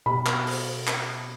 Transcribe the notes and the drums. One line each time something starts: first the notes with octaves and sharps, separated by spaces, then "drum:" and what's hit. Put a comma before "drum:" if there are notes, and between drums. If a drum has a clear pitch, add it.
B2 G4 B5
drum: clap
drum: open hi-hat
drum: clap